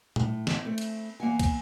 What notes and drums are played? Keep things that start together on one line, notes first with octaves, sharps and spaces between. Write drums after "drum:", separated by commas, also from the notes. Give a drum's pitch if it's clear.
A2, drum: tom A#2
drum: snare
A3 C4
drum: cymbal
E2 A#3 F#5 G#5
drum: kick, cymbal